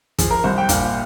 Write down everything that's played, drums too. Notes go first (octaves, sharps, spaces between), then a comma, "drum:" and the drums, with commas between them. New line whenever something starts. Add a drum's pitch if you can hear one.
F3 G#4, drum: kick, hi-hat
A#4
C2 C5
G5
A#2 F5, drum: kick, hi-hat